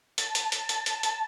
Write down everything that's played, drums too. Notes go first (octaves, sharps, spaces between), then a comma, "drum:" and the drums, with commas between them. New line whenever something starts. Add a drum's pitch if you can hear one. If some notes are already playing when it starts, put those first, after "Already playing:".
A5, drum: hi-hat
drum: hi-hat
drum: hi-hat
drum: hi-hat
drum: hi-hat
drum: hi-hat